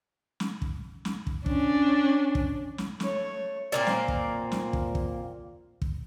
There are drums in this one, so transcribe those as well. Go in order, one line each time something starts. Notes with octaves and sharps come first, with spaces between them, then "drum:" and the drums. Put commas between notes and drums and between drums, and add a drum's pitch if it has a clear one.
drum: snare
drum: kick
drum: snare
drum: kick
C#4 D4, drum: kick
drum: kick
drum: snare
A3 C#5, drum: snare
A#2 A#3 C4
drum: snare
drum: kick
drum: snare
drum: kick
drum: kick
drum: kick